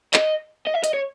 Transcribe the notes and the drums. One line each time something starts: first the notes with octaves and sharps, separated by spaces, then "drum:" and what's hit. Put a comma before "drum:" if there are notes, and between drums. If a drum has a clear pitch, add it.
D#5, drum: clap
D#5
E5
D#5, drum: hi-hat
C#5